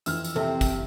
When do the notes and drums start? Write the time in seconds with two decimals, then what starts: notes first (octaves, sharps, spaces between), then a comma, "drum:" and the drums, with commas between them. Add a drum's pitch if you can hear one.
0.06 F2 E3 E6 F6, drum: tambourine
0.24 drum: tambourine
0.36 C3 C4 A4 E5
0.61 drum: kick, tambourine